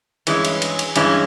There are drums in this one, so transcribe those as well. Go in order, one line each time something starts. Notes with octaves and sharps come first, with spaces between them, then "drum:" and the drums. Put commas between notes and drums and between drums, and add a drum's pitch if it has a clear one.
G2 E3 G#3 C#4, drum: cymbal
drum: cymbal
drum: cymbal
drum: cymbal
G2 E3 G#3 C#4, drum: cymbal